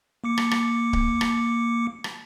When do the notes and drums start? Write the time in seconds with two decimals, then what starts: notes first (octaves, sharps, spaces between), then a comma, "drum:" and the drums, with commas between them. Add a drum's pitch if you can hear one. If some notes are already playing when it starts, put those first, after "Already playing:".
0.24 A#3 D6 C#7
0.38 drum: rim click
0.51 drum: rim click
0.93 drum: kick D1
1.21 drum: rim click
2.04 drum: rim click